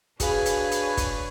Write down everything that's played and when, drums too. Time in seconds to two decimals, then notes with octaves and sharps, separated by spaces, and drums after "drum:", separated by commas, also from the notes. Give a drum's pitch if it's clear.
0.20 D4 F#4 G#4 B4 C#5 F5 G#5, drum: kick, hi-hat
0.46 drum: hi-hat
0.72 drum: hi-hat
0.97 drum: kick, hi-hat